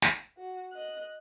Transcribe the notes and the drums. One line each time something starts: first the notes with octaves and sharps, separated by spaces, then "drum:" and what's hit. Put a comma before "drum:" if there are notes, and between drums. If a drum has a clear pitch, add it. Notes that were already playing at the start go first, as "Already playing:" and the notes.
drum: snare
F#4
D#5 F#6